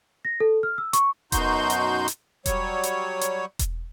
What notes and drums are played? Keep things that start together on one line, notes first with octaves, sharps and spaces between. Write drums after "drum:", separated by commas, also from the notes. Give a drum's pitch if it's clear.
A#6
A4
F6
E6
C#6, drum: hi-hat
F#2 B2 D#4 F#4 C6 G6, drum: kick E1, hi-hat
drum: hi-hat
drum: hi-hat
F#3 G3 C#5, drum: kick E1, hi-hat
drum: hi-hat
drum: hi-hat
drum: kick E1, hi-hat